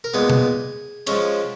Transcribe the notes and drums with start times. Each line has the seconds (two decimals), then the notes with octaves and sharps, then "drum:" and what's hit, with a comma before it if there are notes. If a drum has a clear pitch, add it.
0.04 A#4
0.14 A#2 G#3 B3 G#4
0.30 drum: tom B2
1.07 F3 G#3 C#4, drum: cymbal